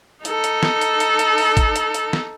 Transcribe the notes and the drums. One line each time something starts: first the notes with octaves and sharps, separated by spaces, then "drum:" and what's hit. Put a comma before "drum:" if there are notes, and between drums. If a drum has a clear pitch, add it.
D#4 A4, drum: hi-hat
drum: hi-hat
drum: snare
drum: hi-hat
drum: hi-hat
drum: hi-hat
drum: open hi-hat
drum: kick, hi-hat
drum: hi-hat
drum: hi-hat
drum: snare